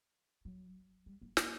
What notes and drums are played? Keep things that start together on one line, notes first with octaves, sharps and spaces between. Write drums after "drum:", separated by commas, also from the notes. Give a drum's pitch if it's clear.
F#3
G3
A#3
A#3, drum: snare